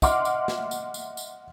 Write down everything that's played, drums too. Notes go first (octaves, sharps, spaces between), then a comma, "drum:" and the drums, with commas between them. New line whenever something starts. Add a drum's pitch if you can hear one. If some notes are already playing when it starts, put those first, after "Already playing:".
D#5 E5 F#5 C6 D6 F6, drum: kick, tambourine
drum: tambourine
drum: snare
drum: tambourine
drum: tambourine
drum: tambourine